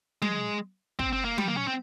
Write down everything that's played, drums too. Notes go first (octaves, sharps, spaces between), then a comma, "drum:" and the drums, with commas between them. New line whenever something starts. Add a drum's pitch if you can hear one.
G#3, drum: tom F#3
C4, drum: kick
C4
A#3
G3, drum: tom F#3
A#3
C#4
C4